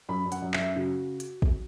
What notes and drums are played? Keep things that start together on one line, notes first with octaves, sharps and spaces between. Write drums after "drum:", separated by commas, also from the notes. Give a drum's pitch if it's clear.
F#2 B5
F#2
F#5, drum: hi-hat
F#2
E5, drum: clap
F#2
C#3 F#4
drum: hi-hat
drum: kick